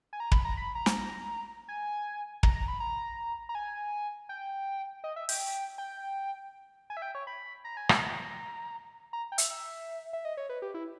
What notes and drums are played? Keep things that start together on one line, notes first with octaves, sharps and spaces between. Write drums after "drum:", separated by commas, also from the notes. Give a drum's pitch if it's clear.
G#5
A#5
B5, drum: kick
A#5
B5
A#5
drum: snare
G#5
A#5, drum: kick
A#5
B5
A#5
A#5
G#5
G5
D#5
E5
G5, drum: open hi-hat
G5
G#5
E5
G5
C#5
B5
A#5
G#5
A#5, drum: rim click
A#5
G5
E5, drum: hi-hat
E5
E5
D#5
C#5
B4
G4
E4